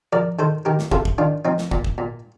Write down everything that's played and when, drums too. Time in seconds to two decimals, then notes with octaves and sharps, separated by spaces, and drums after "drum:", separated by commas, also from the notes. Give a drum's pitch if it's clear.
0.13 F3 A#4 D5
0.39 D#3 A4 C5
0.65 D#3 G4 A#4
0.79 drum: snare
0.91 C3 F4 A4, drum: kick
1.05 drum: kick
1.18 D#3 D4 F4
1.45 F3 C4 D#4
1.58 drum: snare
1.71 A#2, drum: kick
1.84 drum: kick
1.98 A#2